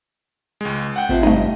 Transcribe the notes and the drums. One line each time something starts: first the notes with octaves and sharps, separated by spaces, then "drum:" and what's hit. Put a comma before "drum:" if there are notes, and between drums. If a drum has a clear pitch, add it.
C#2 G#3
F#5 G5
F2 C3 F3, drum: kick G#1
G2 A3 D#4 D#5